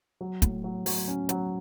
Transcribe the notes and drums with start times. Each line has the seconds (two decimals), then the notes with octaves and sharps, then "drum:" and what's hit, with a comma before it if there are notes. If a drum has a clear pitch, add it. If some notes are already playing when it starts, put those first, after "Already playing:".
0.21 F#3
0.42 A2, drum: kick, hi-hat
0.64 F#3
0.86 F#3, drum: open hi-hat
1.08 C#4
1.29 F#3, drum: hi-hat